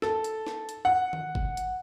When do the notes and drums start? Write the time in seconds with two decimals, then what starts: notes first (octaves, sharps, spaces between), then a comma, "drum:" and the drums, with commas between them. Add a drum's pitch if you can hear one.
0.02 A4, drum: snare
0.24 drum: hi-hat
0.47 drum: snare
0.69 drum: hi-hat
0.85 F#5
1.13 drum: tom D#3
1.35 drum: kick G1
1.57 drum: hi-hat